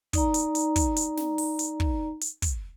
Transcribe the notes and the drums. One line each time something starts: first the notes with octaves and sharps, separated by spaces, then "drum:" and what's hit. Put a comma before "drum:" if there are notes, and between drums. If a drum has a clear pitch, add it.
D#4 D5 A#5, drum: kick, hi-hat
drum: hi-hat
drum: hi-hat
drum: kick, hi-hat
drum: hi-hat
drum: snare
drum: open hi-hat
drum: hi-hat
drum: kick
drum: hi-hat
drum: kick, hi-hat